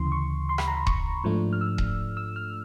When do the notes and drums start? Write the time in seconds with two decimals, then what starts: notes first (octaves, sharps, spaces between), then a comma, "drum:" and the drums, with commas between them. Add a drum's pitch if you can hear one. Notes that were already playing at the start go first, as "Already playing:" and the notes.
Already playing: D2 C#3 E3 C6
0.12 C#6
0.49 C6
0.58 B5, drum: rim click
0.67 A#5
0.77 B5
0.87 C#6, drum: kick D#1
1.24 G#2 F3 A3 D4
1.53 F6
1.61 E6
1.78 drum: kick D#1
2.17 E6
2.36 F6